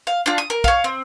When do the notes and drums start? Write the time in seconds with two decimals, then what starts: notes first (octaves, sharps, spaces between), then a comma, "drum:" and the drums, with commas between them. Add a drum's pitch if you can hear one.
0.07 F5
0.26 D4 F4
0.38 D#6
0.50 A#4
0.64 C#5 F5, drum: kick
0.84 C4